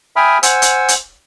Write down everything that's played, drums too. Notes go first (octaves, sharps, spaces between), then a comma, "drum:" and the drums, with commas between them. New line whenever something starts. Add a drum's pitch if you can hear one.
E5 G5 G#5 B5 D#6 F6
C5 F#5 G#5 E6, drum: hi-hat
drum: hi-hat
drum: hi-hat